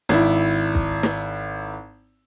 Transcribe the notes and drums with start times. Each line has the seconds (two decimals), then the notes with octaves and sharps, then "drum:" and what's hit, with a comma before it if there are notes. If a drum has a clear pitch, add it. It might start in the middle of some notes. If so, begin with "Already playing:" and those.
0.09 G#1 E4, drum: snare
0.75 drum: kick
1.03 drum: snare